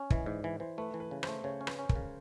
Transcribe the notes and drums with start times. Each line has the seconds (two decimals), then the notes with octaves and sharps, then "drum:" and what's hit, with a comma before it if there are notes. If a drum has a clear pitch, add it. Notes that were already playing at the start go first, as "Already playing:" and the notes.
Already playing: C#4
0.10 E3 D#5, drum: kick
0.26 G#2 D5
0.44 E3
0.60 E3 C5
0.78 A3 B4
0.94 E3
1.00 B4
1.11 C#3
1.23 C5, drum: rim click
1.28 A3
1.44 C#3 C#5
1.61 C#4
1.67 B4, drum: rim click
1.79 C#4
1.89 A#4, drum: kick
1.96 C#3